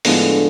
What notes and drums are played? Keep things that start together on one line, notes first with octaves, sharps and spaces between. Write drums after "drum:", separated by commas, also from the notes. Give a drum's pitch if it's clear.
A2 D3 F3 G#3 B3, drum: open hi-hat